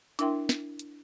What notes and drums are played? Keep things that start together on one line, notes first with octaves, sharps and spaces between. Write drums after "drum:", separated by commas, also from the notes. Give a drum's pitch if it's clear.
D4 E4 A#4 E5 G5 C6, drum: hi-hat
drum: snare
drum: hi-hat